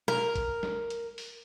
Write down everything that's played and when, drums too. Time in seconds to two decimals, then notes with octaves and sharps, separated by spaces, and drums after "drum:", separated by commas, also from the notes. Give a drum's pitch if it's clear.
0.08 A#4, drum: snare
0.35 drum: kick, hi-hat
0.63 drum: snare
0.90 drum: hi-hat
1.18 drum: open hi-hat